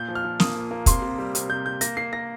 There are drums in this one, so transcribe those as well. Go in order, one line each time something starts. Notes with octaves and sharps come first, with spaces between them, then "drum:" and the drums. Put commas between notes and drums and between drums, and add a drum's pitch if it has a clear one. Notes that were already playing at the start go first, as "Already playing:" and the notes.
Already playing: A#2 G6
F3
F6
F3
A#3 D#6, drum: snare
A#2
A#3
C3 C6, drum: kick, hi-hat
C3
G3
C3, drum: hi-hat
C3 G6
A#3 G6
A#3 A#6, drum: hi-hat
A#3 C7
A#3 A#6